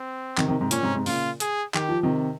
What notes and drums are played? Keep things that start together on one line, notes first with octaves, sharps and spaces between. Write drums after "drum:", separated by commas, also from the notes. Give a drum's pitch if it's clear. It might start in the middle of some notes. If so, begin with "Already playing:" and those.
Already playing: C4
C3 D#3, drum: clap
C3 D#3
G#2 C3
A#2 C#4, drum: hi-hat
G#2 C3
G#2 C3
A#2 C#3 F4, drum: open hi-hat
G#4, drum: hi-hat
D#3 G4, drum: clap
F3
C3 D#3